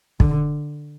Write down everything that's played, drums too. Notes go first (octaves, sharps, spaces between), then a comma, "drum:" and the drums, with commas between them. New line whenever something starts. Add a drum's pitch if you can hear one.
D3, drum: kick